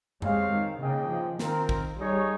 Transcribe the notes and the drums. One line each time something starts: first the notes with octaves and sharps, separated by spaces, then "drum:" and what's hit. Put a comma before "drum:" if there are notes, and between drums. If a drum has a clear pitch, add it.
G#3 C4 G4 C#5 F5, drum: tom F2
D#3
C#3 A#3 D#4 G#4 D#5 G5
F3
D#3 C4 F4 A#4, drum: snare
D#3, drum: kick
G3 D#4 G#4 C#5